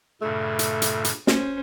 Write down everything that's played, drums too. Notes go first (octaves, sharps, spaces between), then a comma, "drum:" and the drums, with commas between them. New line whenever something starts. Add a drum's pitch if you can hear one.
G2 A#2 C#3 A3
drum: hi-hat
drum: hi-hat
drum: hi-hat
C#4 C5, drum: snare